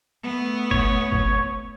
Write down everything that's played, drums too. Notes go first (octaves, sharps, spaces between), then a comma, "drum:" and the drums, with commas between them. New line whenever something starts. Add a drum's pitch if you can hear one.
A3 B3
C#5, drum: kick
drum: kick